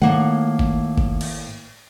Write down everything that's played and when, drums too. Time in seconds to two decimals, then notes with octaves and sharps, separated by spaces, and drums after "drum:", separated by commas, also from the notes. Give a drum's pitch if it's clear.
0.02 A2 D#3 A3 A#3 F#5
0.59 drum: kick G1
0.98 drum: kick G1
1.21 drum: cymbal